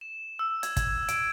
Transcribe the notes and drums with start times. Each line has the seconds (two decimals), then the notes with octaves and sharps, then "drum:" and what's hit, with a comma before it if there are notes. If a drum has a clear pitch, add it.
0.01 E7
0.39 E6
0.63 G#6, drum: hi-hat
0.77 G#6, drum: kick, hi-hat
1.08 D7, drum: hi-hat